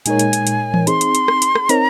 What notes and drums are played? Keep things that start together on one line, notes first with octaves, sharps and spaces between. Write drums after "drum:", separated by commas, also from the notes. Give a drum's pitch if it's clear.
A#2 G#3 D#4 A#4 C#5 G#5, drum: hi-hat
drum: hi-hat
drum: hi-hat
drum: hi-hat
drum: tom E3
C4 D#4 G#4 C6, drum: hi-hat
drum: hi-hat
drum: hi-hat
drum: rim click
drum: hi-hat
drum: rim click
C4 D#4 A#4 C#5 A#5, drum: hi-hat